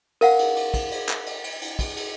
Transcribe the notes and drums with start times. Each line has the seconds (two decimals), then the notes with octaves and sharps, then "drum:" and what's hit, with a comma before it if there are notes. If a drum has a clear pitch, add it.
0.21 A#4 F5 F#5, drum: cymbal
0.39 drum: cymbal
0.56 drum: cymbal
0.74 drum: kick, cymbal
0.91 drum: cymbal
1.09 drum: clap
1.26 drum: cymbal
1.44 drum: cymbal
1.61 drum: cymbal
1.79 drum: kick, cymbal
1.96 drum: cymbal